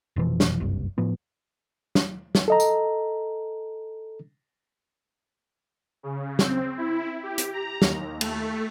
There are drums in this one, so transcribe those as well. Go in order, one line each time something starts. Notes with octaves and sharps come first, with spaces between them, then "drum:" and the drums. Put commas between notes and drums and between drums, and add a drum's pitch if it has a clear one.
F1 B2 E3 F3
drum: snare
F#1 C2 G2
A2 F3 B3
drum: snare
drum: snare
A4 D#5 A#5
drum: tambourine
C#3
C4, drum: snare
E4
G4
drum: hi-hat
A#5
D#2, drum: snare
A3, drum: cymbal